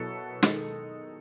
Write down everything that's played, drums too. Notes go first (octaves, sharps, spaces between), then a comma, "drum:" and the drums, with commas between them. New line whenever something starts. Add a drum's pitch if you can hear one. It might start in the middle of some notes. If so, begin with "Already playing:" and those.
Already playing: B2 F#3 B3 E4 A4
D#3 G#3 D#4, drum: snare